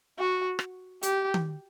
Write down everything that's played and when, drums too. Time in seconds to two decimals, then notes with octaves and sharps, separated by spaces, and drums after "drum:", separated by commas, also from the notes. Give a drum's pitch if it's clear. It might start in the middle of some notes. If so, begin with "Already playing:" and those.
0.19 F#4
0.59 drum: rim click
1.03 G4, drum: hi-hat
1.34 drum: tom D#3